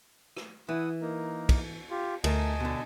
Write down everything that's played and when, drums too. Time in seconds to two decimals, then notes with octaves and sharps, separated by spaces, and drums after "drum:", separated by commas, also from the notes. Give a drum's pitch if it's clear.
0.37 drum: rim click
0.69 E3 E4 F#5 D#6
1.01 A#3 D#4 A#4
1.49 drum: kick, cymbal
1.91 F4 G4
2.24 D2 A3 A#4 D#5 G#5 A5, drum: cymbal
2.60 B2 D3